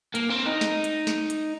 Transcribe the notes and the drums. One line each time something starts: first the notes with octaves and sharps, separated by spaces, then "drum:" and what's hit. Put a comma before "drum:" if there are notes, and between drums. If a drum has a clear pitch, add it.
A#3, drum: hi-hat
C4
D#4
drum: snare
drum: hi-hat
drum: snare
drum: hi-hat